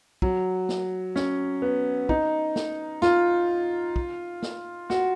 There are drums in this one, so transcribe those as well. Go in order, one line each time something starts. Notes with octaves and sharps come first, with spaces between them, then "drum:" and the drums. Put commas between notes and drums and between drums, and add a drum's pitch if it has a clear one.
F#3, drum: kick
drum: snare
C#4, drum: snare
B3
D#4, drum: kick
drum: snare
F4, drum: snare
drum: kick
drum: snare
F#4, drum: snare